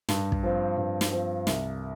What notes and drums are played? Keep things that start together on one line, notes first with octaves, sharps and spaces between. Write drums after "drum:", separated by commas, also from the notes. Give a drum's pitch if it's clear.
G2, drum: snare
drum: kick
F3 C4
G2
drum: snare
F3 C4
C2, drum: snare